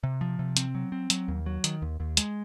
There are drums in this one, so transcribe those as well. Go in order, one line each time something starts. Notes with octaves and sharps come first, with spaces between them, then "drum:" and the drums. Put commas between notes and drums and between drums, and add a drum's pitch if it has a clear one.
C3
F3
C3
C4, drum: hi-hat
F#3
C4
F#3, drum: hi-hat
D#2
F#3
D#3, drum: hi-hat
D#2
D#2
G#3, drum: hi-hat